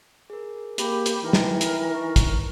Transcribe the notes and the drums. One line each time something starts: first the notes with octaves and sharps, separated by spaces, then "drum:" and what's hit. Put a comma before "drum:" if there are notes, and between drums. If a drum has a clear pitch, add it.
G#4 A#4
A#3 G4 B5, drum: hi-hat
drum: hi-hat
E3 D#4 A#4 G5
drum: snare
drum: hi-hat
D#4 C#6
drum: kick, hi-hat